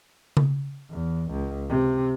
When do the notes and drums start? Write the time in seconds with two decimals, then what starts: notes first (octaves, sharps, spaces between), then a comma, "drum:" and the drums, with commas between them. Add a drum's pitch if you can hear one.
0.37 drum: tom C#3
0.91 E2
1.30 C#2
1.69 C3